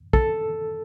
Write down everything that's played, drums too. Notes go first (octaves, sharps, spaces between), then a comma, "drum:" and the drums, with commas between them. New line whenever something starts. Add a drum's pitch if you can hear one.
A4, drum: kick